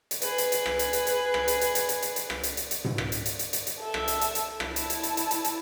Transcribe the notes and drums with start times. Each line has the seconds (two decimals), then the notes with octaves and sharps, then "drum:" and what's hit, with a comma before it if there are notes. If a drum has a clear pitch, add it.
0.11 drum: hi-hat
0.22 G#4 B4, drum: hi-hat
0.38 drum: hi-hat
0.52 drum: hi-hat
0.66 drum: rim click
0.79 drum: hi-hat
0.93 drum: hi-hat
1.07 drum: hi-hat
1.34 drum: rim click
1.48 drum: hi-hat
1.61 drum: hi-hat
1.75 drum: hi-hat
1.89 drum: hi-hat
2.02 drum: hi-hat
2.16 drum: hi-hat
2.30 drum: rim click
2.43 drum: hi-hat
2.57 drum: hi-hat
2.71 drum: hi-hat
2.85 drum: tom G#2
2.98 drum: rim click
3.12 drum: hi-hat
3.26 drum: hi-hat
3.39 drum: hi-hat
3.53 drum: hi-hat
3.67 drum: hi-hat
3.80 A4 E5
3.94 drum: rim click
4.08 drum: hi-hat
4.21 drum: hi-hat
4.35 drum: hi-hat
4.60 E4 A5, drum: rim click
4.76 drum: hi-hat
4.90 drum: hi-hat
5.03 drum: hi-hat
5.17 drum: hi-hat
5.31 drum: hi-hat
5.44 drum: hi-hat